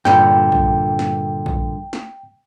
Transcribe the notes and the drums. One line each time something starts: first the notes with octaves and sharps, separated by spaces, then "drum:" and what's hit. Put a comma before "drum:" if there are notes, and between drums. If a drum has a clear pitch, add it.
G2 A#2 D3 G5, drum: snare
drum: kick A#1
drum: snare
drum: kick A#1
drum: snare